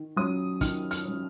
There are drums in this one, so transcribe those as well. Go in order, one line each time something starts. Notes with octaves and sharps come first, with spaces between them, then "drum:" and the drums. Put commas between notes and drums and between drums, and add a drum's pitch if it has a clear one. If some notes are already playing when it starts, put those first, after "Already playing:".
Already playing: D#3
F#3 C#4 D#6
D#3 F6, drum: kick, hi-hat
F6, drum: hi-hat
F#3 C#4